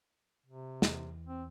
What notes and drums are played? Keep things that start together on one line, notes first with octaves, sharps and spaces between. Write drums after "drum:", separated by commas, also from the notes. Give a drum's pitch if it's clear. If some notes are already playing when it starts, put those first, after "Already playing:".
C3
E2, drum: snare
C4